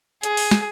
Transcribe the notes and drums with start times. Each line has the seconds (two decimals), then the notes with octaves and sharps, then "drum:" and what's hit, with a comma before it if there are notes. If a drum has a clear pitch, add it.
0.23 G#4, drum: hi-hat
0.37 drum: open hi-hat
0.51 drum: snare